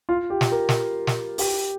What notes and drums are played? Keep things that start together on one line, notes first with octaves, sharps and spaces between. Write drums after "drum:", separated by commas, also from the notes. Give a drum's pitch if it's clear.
F4
G4
drum: snare
A#4
drum: snare
drum: snare
G4, drum: open hi-hat